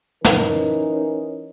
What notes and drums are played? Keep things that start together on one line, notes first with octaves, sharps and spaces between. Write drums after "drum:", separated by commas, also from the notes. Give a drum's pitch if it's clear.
E3 C#4 D#4 A#4, drum: snare